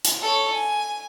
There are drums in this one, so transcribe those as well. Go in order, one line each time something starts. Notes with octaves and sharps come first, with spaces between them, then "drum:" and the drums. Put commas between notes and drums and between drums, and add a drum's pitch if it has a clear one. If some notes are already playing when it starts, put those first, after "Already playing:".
drum: hi-hat
A4 C#5
G#5